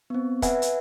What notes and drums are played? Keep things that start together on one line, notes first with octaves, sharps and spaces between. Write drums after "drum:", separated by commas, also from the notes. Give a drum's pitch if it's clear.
B3 C4
B4 E5 F#5 G#5, drum: kick, hi-hat
drum: hi-hat